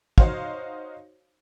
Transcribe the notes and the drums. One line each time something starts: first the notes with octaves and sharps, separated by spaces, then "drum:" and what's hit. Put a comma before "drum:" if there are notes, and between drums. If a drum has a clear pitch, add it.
D#4 F#4 C5 C#5 F5, drum: kick